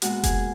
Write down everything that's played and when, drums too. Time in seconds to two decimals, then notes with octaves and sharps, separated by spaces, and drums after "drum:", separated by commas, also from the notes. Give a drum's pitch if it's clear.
0.02 A#2 G#3 B3 F#4, drum: hi-hat
0.23 G#4, drum: kick F1, hi-hat